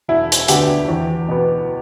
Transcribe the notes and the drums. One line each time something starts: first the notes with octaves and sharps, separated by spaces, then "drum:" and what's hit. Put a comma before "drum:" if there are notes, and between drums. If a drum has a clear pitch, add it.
E1 E4
drum: hi-hat
D2 D3 B3 G4, drum: hi-hat
E2
B2 B3